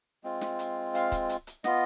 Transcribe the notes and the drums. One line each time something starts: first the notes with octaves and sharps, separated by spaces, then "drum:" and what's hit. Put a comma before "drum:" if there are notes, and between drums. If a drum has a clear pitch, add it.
G#3 C4 F4
drum: snare
drum: hi-hat
F5, drum: hi-hat
drum: kick, hi-hat
drum: hi-hat
drum: hi-hat
B3 F4 D#5, drum: snare